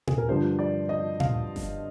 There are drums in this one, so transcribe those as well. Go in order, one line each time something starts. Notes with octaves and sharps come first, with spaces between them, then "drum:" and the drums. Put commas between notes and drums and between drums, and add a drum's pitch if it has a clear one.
G#4, drum: tom A#2
A#4
G2 D3 F3 C5
D5
D#5
F5, drum: tom A#2
drum: snare F#1